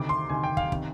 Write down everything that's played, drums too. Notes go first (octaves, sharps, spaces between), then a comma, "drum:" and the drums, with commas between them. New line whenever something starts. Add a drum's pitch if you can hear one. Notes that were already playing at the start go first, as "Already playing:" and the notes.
Already playing: D2 C3 D#3 D6
C6
D2 C3 D#3 G#5
G5
F5, drum: kick
C3 D#3, drum: kick